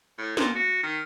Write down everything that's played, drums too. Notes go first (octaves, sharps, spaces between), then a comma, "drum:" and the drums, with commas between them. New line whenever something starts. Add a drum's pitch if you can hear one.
A2
A#2, drum: snare
F#4
D#3